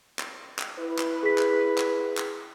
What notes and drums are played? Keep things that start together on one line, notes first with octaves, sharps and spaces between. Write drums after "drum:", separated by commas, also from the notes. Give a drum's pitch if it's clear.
drum: clap
drum: clap
E4 B4
drum: clap
G#4 B6
drum: clap
drum: clap
drum: clap